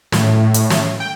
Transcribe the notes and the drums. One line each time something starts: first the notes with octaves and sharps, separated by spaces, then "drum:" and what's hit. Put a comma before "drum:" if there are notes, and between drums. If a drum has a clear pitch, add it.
A2, drum: snare
drum: hi-hat
drum: snare
G5